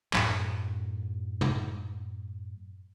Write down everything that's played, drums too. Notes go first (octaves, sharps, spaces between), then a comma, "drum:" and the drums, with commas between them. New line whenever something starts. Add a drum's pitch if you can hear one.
F#2 A2 F#3, drum: clap
drum: tom